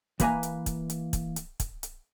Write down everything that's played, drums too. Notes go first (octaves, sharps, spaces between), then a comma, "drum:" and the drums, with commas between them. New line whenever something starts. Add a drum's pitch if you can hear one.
E3 A#3 B4 E5 G#5 A#5, drum: kick, hi-hat
drum: hi-hat
drum: kick, hi-hat
drum: hi-hat
drum: kick, hi-hat
drum: hi-hat
drum: kick, hi-hat
drum: hi-hat